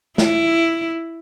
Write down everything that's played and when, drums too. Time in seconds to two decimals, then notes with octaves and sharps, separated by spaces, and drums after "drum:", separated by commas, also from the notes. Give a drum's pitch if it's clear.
0.18 E4, drum: snare